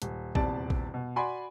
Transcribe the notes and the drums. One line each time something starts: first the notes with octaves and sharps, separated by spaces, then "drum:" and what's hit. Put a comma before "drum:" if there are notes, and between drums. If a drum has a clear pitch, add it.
D#1, drum: hi-hat
D#1 E2 C3 D5 A5, drum: kick
drum: kick
B2
F#4 D5 G#5 B5 C6